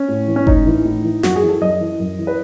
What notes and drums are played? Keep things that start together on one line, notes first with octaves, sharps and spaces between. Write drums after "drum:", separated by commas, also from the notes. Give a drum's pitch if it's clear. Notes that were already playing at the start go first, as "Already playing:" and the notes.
Already playing: C#4
A2
E3
C#4
A2 D#4, drum: kick G1
E3
A2
E3
F#2 F#4, drum: snare
G#4
E3
A4
F#2 D#5
E3
F#2
E3
B4